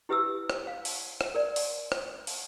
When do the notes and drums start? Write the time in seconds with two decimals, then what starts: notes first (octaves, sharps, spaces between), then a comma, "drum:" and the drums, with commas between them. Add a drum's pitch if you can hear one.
0.09 E4 G4 B4 E5 D#6 E6
0.50 drum: rim click
0.67 F5
0.85 drum: open hi-hat
1.21 drum: rim click
1.35 A#4 D5
1.56 drum: open hi-hat
1.92 drum: rim click
2.27 drum: open hi-hat